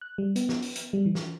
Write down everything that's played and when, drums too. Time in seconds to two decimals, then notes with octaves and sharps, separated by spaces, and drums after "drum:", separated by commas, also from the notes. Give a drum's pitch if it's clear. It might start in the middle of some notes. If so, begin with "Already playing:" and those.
0.01 F#6
0.18 G3
0.36 B3, drum: hi-hat
0.49 drum: snare
0.62 drum: open hi-hat
0.75 drum: hi-hat
0.93 G3
1.06 E3
1.15 drum: snare